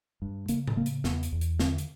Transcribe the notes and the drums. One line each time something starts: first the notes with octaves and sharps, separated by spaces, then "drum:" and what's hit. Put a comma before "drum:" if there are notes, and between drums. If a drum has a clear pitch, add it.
G2
C#3 A#3, drum: hi-hat
drum: tom A2
C#3 A#3
drum: hi-hat
E2 B3, drum: snare
drum: hi-hat
E2
drum: hi-hat
D3 C4, drum: snare
drum: hi-hat